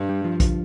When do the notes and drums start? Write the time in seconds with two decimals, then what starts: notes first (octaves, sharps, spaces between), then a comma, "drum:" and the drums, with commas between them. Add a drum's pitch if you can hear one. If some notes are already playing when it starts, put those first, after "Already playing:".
Already playing: G2
0.09 G3
0.25 F3
0.40 drum: kick A#1, hi-hat